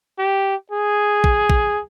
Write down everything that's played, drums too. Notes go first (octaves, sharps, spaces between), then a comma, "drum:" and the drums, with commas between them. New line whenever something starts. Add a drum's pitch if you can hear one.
G4
G#4
drum: kick
drum: kick